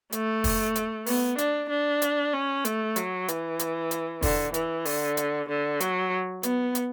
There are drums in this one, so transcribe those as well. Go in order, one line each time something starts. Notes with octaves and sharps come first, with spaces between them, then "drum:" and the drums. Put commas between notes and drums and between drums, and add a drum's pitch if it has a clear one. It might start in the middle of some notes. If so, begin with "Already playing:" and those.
A3, drum: hi-hat
drum: kick, open hi-hat
drum: hi-hat
B3, drum: open hi-hat
D4, drum: hi-hat
D4
drum: hi-hat
C#4
A3, drum: hi-hat
F#3, drum: hi-hat
E3, drum: hi-hat
drum: hi-hat
drum: hi-hat
D3, drum: kick, open hi-hat
E3, drum: hi-hat
D3, drum: open hi-hat
drum: hi-hat
D3
F#3, drum: hi-hat
B3, drum: hi-hat
drum: hi-hat